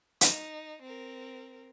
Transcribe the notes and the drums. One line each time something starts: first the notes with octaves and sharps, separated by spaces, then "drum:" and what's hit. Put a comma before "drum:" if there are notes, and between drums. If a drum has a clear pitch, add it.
D#4, drum: hi-hat
C4 A#4